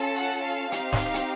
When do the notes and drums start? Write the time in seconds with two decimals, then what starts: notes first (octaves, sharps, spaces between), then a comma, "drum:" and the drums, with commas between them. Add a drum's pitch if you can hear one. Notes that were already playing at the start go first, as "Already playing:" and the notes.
Already playing: C#4 F4 A4
0.15 F#5
0.43 F5
0.72 C4 D#4 G4, drum: hi-hat
0.93 drum: snare
1.14 drum: hi-hat